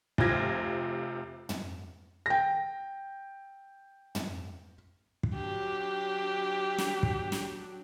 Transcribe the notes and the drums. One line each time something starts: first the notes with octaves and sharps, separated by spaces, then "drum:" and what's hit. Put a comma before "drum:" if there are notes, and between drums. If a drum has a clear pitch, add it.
F1 C3 F4 G#6 A#6, drum: kick
drum: tom
G5 A#6
drum: tom
drum: kick
F#3 D4 G4
drum: snare
drum: kick
drum: snare